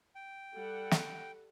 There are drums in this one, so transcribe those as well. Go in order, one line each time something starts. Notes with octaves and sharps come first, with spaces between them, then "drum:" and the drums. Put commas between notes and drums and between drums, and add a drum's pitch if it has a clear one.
G5
G3 A4 F#5
drum: snare